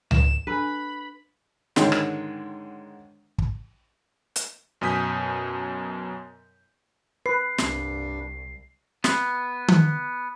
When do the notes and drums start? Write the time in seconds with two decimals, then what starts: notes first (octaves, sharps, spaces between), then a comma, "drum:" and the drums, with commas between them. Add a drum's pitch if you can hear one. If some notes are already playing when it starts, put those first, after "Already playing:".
0.11 E7, drum: tom C#2
0.47 D4 A4 B4 G#5 B5
1.76 G#2 D3 D#3 G#3 C#5 G5, drum: snare
1.92 drum: rim click
3.38 drum: kick
4.36 drum: hi-hat
4.81 F#2 B2 G#5 D#6 G6 B6
7.26 B4 C7
7.58 C2 G2 G3 D4, drum: snare
9.04 B3, drum: snare
9.68 drum: tom D#3